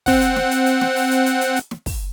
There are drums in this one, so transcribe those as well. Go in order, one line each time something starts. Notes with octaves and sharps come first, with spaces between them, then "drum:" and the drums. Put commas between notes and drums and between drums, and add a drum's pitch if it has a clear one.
C4 F#5, drum: kick, open hi-hat
drum: hi-hat
drum: snare
drum: hi-hat
drum: hi-hat
drum: snare
drum: open hi-hat
drum: hi-hat
drum: hi-hat
drum: hi-hat
drum: hi-hat
drum: snare
drum: kick, open hi-hat